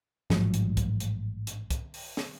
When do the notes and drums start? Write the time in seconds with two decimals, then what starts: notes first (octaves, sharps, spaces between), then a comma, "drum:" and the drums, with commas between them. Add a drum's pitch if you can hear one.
0.30 A1 G#2 F3 F#3, drum: snare
0.54 drum: hi-hat
0.77 drum: kick, hi-hat
1.00 drum: hi-hat
1.47 drum: hi-hat
1.71 drum: kick, hi-hat
1.94 drum: open hi-hat
2.17 drum: snare